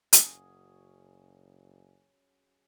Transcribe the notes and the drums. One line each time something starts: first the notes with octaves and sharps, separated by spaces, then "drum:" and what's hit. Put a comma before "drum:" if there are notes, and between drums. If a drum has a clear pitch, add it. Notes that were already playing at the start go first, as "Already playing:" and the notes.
F#1 F#3 C#4 G#4, drum: hi-hat